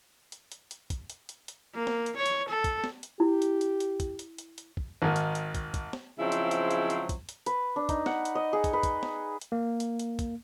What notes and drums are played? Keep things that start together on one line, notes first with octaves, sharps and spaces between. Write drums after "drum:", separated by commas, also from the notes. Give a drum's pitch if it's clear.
drum: hi-hat
drum: hi-hat
drum: hi-hat
drum: kick, hi-hat
drum: hi-hat
drum: hi-hat
drum: hi-hat
A#3
drum: snare
drum: hi-hat
C#5
drum: hi-hat
A4
drum: kick, hi-hat
drum: snare
drum: hi-hat
E4 G4
drum: hi-hat
drum: hi-hat
drum: hi-hat
drum: kick, hi-hat
drum: hi-hat
drum: hi-hat
drum: hi-hat
drum: kick
G#1 D#3
drum: hi-hat
drum: hi-hat
drum: kick, hi-hat
drum: kick, hi-hat
drum: snare
C#3 F3 F#3 G#3 C4 E4
drum: hi-hat
drum: hi-hat
drum: hi-hat
drum: hi-hat
drum: kick, hi-hat
drum: hi-hat
B4, drum: hi-hat
D4
D#4, drum: kick, hi-hat
F#5, drum: snare
drum: hi-hat
D#5
G#4
drum: kick, hi-hat
B4
drum: kick, hi-hat
drum: snare
drum: hi-hat
A#3
drum: hi-hat
drum: hi-hat
drum: kick, hi-hat